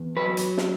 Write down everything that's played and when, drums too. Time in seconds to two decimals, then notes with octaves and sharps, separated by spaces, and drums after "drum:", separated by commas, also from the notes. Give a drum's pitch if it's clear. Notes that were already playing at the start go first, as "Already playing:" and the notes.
Already playing: E2
0.16 F#3 B4
0.37 drum: hi-hat
0.57 drum: snare